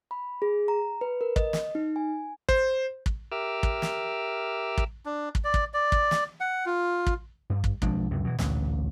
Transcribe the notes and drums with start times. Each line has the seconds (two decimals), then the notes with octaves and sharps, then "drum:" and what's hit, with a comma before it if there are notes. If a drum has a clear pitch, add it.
0.11 B5
0.42 G#4
0.68 A#5
1.01 B4
1.21 A#4
1.36 D#5, drum: kick
1.53 drum: snare
1.75 D#4
1.96 G#5
2.49 C5, drum: kick
3.06 drum: kick
3.32 G4 A#4 E5 D6 E6 F6
3.63 drum: kick
3.82 drum: snare
4.78 drum: kick
5.06 D4
5.35 drum: kick
5.44 D5
5.54 drum: kick
5.74 D5
5.92 drum: kick
6.11 drum: snare
6.40 F#5
6.66 F4
7.07 drum: kick
7.50 G2
7.64 drum: kick
7.82 B1 F3 G#3 D4, drum: kick
8.11 C#2 F#2 C3
8.25 B2 E3
8.39 A1 D2 G2 A#2, drum: snare